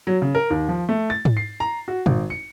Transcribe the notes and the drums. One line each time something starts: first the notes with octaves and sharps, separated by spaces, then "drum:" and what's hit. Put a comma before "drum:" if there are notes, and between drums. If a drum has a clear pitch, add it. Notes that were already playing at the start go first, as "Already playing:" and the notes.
F#3
C#3
A#4
D#2
F3
A3
A6
drum: tom G#2
C7
A#5
F#4
G#1, drum: tom A#2
C#7